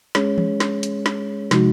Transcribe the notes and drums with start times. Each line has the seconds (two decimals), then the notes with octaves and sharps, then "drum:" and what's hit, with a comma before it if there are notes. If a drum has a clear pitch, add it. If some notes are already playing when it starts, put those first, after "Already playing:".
0.15 G#3 C#4 G#4 C#5, drum: snare
0.38 drum: tom E3
0.60 drum: snare
0.83 drum: hi-hat
1.06 drum: snare
1.51 C3 F3 G#3 D#4 F#4, drum: snare